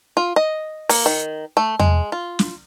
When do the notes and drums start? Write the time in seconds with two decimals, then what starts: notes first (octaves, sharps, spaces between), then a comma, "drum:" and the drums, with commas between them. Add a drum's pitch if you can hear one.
0.17 F4
0.36 D#5
0.89 A#3, drum: open hi-hat
1.06 D#3
1.57 A3
1.79 G#3, drum: tom E2
2.12 F4
2.39 drum: snare